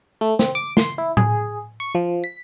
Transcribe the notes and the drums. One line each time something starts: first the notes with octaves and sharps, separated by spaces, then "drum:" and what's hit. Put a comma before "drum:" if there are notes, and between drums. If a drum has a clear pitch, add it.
A3
C4, drum: snare
D6
C6, drum: snare
E4
G#4, drum: tom A2
C#6
F3
B6